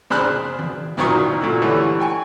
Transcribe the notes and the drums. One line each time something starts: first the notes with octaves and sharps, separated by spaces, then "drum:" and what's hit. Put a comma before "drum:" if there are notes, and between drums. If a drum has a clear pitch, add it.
D4 G#4 C5 B5 F6 F#6, drum: snare
drum: tom D#3
A1 A#2 D#3 F#3 C#6 D#6, drum: snare
A#2 A3 F#4 E6
D3 E3 G3 A3 C#4
G5 G#5 C#6